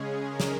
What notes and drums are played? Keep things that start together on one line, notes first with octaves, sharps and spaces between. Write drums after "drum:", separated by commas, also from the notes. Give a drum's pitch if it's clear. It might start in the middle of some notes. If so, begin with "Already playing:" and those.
Already playing: C#3 G#3 C#4 G#4
A#4
drum: snare